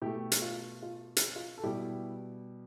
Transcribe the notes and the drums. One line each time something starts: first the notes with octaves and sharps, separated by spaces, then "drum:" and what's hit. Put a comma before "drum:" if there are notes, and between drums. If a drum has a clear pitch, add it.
B2 A3 E4 G4
drum: hi-hat
F4
F4
drum: hi-hat
F4
A4
B2 G3 E4 G4